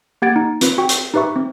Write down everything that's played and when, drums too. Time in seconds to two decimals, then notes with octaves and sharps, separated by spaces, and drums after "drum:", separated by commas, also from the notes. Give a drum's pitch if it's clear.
0.22 A#3 G4 F#5 G#6 A6 D7
0.36 D#4
0.61 C4 F4 B4, drum: hi-hat
0.78 F#4 G5 C#6
0.89 drum: hi-hat
1.14 D#4 G4 B4 E5 C#6
1.36 C4